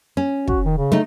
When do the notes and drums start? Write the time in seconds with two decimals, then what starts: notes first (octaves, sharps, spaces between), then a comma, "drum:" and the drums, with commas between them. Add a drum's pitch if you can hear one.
0.17 C#4
0.48 F#4, drum: kick
0.65 D#3
0.78 C#3
0.92 A3 D#4